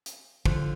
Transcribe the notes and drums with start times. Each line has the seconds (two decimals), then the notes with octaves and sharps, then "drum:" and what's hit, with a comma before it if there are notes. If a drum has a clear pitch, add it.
0.06 drum: hi-hat
0.46 D3 F3, drum: kick